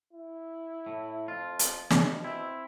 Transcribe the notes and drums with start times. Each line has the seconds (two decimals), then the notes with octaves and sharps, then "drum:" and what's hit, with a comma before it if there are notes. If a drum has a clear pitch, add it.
0.13 E4
0.86 A2
1.28 F2 F4
1.59 drum: hi-hat
1.91 B2, drum: snare
2.24 C4 E4